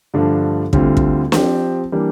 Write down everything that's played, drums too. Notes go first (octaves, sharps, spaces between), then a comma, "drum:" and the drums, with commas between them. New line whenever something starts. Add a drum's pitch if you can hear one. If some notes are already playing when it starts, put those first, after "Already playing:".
G2 D3 F3 A3 D4
D2 D3 G3 C4 F4, drum: kick
drum: kick
F3 C4 G4, drum: snare
E3 G3 A#3 D4